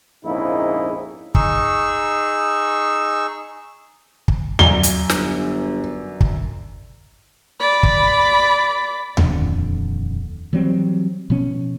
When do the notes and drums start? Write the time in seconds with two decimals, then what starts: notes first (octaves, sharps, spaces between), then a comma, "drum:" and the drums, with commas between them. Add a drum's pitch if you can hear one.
0.25 A#1 F2 G#2 C#3 D#4 E4
1.35 D#4 G#4 C#6 E6, drum: kick
4.28 drum: kick
4.59 F#2 D5 G#5 G7, drum: tom D#2
4.83 drum: hi-hat
5.10 G1, drum: snare
6.21 drum: kick
7.60 D5 B5
7.83 drum: kick
9.17 D#1 F2 D3, drum: tom D#2
10.53 E3 F#3 G3 C4
11.30 B2 F3 B3 C#4